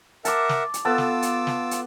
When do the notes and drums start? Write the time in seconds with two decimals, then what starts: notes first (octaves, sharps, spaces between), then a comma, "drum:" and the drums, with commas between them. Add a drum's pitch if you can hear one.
0.25 A#4 E5 F#5 A5 D6, drum: hi-hat
0.49 drum: snare
0.74 drum: hi-hat
0.85 B3 F4 A4 A5 D6 E6
0.98 drum: snare
1.22 drum: hi-hat
1.47 drum: snare
1.71 drum: hi-hat